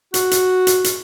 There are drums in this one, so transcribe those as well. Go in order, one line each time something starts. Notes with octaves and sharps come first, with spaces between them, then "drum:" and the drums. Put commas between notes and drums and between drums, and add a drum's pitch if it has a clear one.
F#4, drum: hi-hat
drum: hi-hat
drum: hi-hat
drum: hi-hat